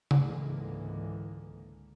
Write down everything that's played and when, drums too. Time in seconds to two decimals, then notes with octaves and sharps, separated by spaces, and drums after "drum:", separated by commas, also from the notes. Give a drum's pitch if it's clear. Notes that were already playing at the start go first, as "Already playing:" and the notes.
0.11 drum: tom C#3
0.21 C#2 G#2 D3 E3 G#3 A#3